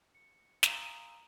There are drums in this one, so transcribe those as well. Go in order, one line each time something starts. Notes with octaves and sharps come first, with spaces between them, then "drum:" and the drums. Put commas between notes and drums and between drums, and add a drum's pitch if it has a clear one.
C#7
F5 G#5 A#5 C6 D#6 E6, drum: snare